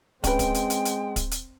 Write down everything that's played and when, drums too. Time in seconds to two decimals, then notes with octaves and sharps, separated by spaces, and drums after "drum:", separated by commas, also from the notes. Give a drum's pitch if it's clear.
0.24 G#3 C4 C#4 B4 G5, drum: kick, hi-hat
0.39 drum: kick, hi-hat
0.54 drum: hi-hat
0.70 drum: hi-hat
0.85 drum: hi-hat
1.16 drum: kick, hi-hat
1.31 drum: hi-hat